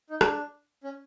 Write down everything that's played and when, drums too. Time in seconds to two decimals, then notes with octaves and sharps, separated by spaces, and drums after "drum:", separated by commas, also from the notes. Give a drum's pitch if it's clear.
0.10 D#4
0.21 D4, drum: rim click
0.84 C#4